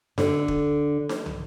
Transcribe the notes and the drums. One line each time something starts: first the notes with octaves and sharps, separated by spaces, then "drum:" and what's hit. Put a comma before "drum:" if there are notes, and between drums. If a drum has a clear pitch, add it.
D3, drum: snare D#4
drum: kick
drum: snare D#4
drum: tom